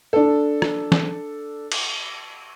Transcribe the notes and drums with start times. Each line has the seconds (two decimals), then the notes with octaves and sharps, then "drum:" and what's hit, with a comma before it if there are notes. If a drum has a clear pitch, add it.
0.13 D4 A4
0.62 drum: rim click
0.92 drum: snare
1.72 drum: cymbal